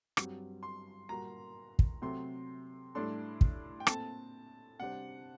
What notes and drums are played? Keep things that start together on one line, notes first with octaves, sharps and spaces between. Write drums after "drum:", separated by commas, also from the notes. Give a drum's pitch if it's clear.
G2 F#3 C4 G4, drum: rim click
C6
A#2 G3 A#3 F#4 A#5
drum: kick
C3 F#3 A3 C4 C6
A2 G3 D4 A4 C6
drum: kick
G5
A#2 A3 C4 A5, drum: rim click
C3 G3 D4 G4 C5 F#5